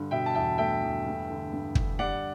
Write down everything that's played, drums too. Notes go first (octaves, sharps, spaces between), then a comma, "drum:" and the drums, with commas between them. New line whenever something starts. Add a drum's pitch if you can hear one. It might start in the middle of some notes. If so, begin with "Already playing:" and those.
Already playing: G2 D3
B2 E5 G5
A5
E2 E5 G5
A3 E5 G5
E2
G2
D3
G2
D3, drum: kick
G3 D5 F#5